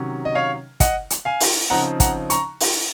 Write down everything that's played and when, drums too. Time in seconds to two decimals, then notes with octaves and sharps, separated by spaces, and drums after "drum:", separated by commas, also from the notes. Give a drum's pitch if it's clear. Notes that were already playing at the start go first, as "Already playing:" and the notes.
Already playing: C3 D#3 F#3 C#4
0.25 D#5
0.35 C#5 F5
0.80 D#5 F#5, drum: kick, hi-hat
1.10 drum: hi-hat
1.25 F5 G#5
1.40 drum: open hi-hat
1.70 C#3 F3 C4 D#4 F#5 A#5
2.00 F#5 A#5, drum: kick, hi-hat
2.30 A#5 C#6, drum: hi-hat
2.60 drum: open hi-hat